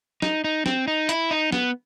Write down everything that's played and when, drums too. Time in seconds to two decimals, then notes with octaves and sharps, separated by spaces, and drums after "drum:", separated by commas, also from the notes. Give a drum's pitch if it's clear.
0.22 D#4, drum: snare
0.44 D#4
0.66 C4, drum: snare
0.88 D#4
1.09 E4, drum: hi-hat
1.31 D#4
1.52 B3, drum: snare